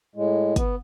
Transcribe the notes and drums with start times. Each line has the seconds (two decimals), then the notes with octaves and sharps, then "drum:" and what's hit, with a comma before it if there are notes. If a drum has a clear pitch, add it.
0.16 A2 G#3
0.56 B3, drum: kick, hi-hat